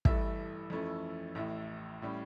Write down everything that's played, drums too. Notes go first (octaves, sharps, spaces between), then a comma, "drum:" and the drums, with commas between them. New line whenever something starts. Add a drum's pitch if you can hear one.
A1 G2 E3 A3 E5, drum: kick
F2 E3 A3 C#4
A1 A2 E3 E5
A2 G3 C#4